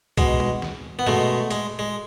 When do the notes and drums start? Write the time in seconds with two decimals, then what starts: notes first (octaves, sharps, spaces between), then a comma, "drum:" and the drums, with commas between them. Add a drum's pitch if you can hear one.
0.18 B2 G#3, drum: kick C2, hi-hat
0.40 drum: tom
0.62 drum: snare
0.99 B3
1.07 B2 G#3 A3, drum: tom G2
1.51 G#3, drum: hi-hat
1.79 G#3